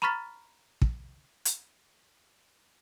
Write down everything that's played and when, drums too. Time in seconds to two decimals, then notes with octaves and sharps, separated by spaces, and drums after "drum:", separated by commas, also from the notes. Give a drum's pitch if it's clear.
0.02 A#5 B5 C#6 F6 A6 B6
0.82 drum: kick
1.45 drum: hi-hat